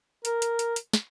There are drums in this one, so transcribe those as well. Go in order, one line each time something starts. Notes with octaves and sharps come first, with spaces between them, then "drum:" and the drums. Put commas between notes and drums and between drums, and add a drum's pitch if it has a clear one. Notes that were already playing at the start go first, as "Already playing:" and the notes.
A#4, drum: hi-hat
drum: hi-hat
drum: hi-hat
drum: hi-hat
drum: snare